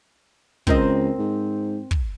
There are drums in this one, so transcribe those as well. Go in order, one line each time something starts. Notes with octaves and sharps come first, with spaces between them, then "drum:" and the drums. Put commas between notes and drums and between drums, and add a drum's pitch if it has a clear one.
C#2 C4 A#4 D#5, drum: kick
G#2
drum: kick